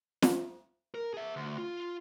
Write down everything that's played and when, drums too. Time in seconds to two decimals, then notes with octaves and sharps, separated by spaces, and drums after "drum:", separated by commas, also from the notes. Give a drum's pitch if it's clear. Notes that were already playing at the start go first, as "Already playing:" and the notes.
0.22 drum: snare
0.94 A#4
1.14 G#4 E5
1.36 D2
1.58 F4